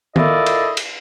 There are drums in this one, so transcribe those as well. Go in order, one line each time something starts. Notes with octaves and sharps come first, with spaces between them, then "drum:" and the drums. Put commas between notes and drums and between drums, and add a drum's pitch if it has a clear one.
E4 F4 A4 A#4 D5 D#5, drum: tom D#3
drum: cymbal
drum: cymbal